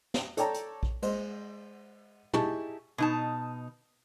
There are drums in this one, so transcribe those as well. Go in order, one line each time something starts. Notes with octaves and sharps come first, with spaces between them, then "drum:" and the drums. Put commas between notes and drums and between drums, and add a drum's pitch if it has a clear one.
drum: snare
A4 C#5 D5 G5 A5 A#5, drum: hi-hat
drum: hi-hat
drum: kick A#1
G#3 C5 D#5, drum: cymbal
D#4 E4 G4 G#4 A5 C#6, drum: tom
B2 D#4 A5